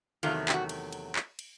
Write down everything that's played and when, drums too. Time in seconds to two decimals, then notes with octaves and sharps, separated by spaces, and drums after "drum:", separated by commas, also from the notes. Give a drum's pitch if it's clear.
0.23 E2 C3 D#3 F#3 A3 F4, drum: cymbal
0.49 G4, drum: clap
0.54 F#4
0.69 drum: cymbal
0.92 drum: cymbal
1.16 drum: clap
1.39 drum: cymbal